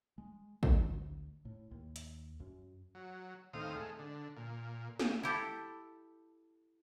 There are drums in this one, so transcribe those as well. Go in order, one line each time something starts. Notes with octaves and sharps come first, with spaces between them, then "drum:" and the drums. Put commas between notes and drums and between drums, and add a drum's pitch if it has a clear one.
G#3
D2, drum: kick
A2
D#2
drum: hi-hat
F#2
F#3
D#2 A2 C4 F5 D#6
G#3 A3
D3
A#2
drum: snare
E4 G4 A4